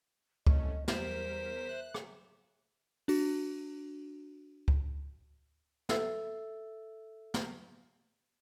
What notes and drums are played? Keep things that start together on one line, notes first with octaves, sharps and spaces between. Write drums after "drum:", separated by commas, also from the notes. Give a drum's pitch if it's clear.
C2 A3 C#4 D#5, drum: kick C#2
E2 G3 A#4 C5 B6, drum: snare
E5 F#6
drum: rim click
D4 F#4, drum: open hi-hat
drum: kick C#2
A4 E5 E6 A6, drum: snare
drum: snare